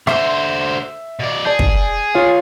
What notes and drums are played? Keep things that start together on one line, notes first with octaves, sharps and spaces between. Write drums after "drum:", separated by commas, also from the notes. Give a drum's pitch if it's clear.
D3 C5 E5, drum: rim click
B2 D5
G#4 D5 A5 G6
drum: kick
F4 C#5 F5